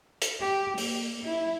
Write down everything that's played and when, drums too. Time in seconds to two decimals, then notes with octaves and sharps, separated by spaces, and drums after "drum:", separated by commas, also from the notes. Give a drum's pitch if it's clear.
0.22 drum: hi-hat
0.41 G4
0.78 A#3, drum: open hi-hat
1.24 E4